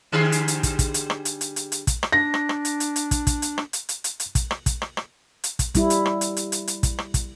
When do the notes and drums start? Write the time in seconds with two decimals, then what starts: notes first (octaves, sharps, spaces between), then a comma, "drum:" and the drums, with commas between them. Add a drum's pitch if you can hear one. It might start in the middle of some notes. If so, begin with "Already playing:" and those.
0.12 D3 G3 G#4
0.32 drum: hi-hat
0.48 drum: hi-hat
0.63 drum: kick, hi-hat
0.79 drum: kick, hi-hat
0.94 drum: hi-hat
1.10 drum: rim click
1.25 drum: hi-hat
1.41 drum: hi-hat
1.56 drum: hi-hat
1.72 drum: hi-hat
1.87 drum: kick, hi-hat
2.03 drum: rim click
2.12 D4 A#6
2.34 drum: rim click
2.49 drum: rim click
2.65 drum: hi-hat
2.80 drum: hi-hat
2.96 drum: hi-hat
3.11 drum: kick, hi-hat
3.27 drum: kick, hi-hat
3.42 drum: hi-hat
3.58 drum: rim click
3.73 drum: hi-hat
3.89 drum: hi-hat
4.04 drum: hi-hat
4.20 drum: hi-hat
4.35 drum: kick, hi-hat
4.51 drum: rim click
4.66 drum: kick, hi-hat
4.82 drum: rim click
4.97 drum: rim click
5.44 drum: hi-hat
5.59 drum: kick, hi-hat
5.75 G3 E4, drum: kick, hi-hat
5.90 drum: hi-hat
6.06 drum: rim click
6.21 drum: hi-hat
6.37 drum: hi-hat
6.52 drum: hi-hat
6.68 drum: hi-hat
6.83 drum: kick, hi-hat
6.99 drum: rim click
7.14 drum: kick, hi-hat